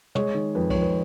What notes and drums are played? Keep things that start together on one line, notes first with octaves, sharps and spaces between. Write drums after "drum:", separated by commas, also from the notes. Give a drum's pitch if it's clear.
G#3 C#5, drum: tom
D#3
F2 B4
F2 C#5, drum: kick C2, cymbal
B4